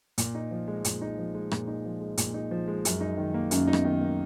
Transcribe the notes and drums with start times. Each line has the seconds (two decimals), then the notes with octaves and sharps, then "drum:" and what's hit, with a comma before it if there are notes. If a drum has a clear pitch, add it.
0.18 A#2, drum: hi-hat
0.35 D#4
0.51 F3
0.68 G#3
0.84 A#2, drum: hi-hat
1.02 D#4
1.18 F3
1.35 G#3
1.51 A#2, drum: rim click
1.68 D#4
1.85 F3
2.01 G#3
2.17 A#2, drum: hi-hat
2.34 D#4
2.51 F3
2.68 G#3
2.85 F#2, drum: hi-hat
3.01 D#4
3.17 D#3
3.34 A#3
3.51 F#2 C#4, drum: hi-hat
3.67 D#4
3.73 B3, drum: rim click
3.84 D#3
4.01 A#3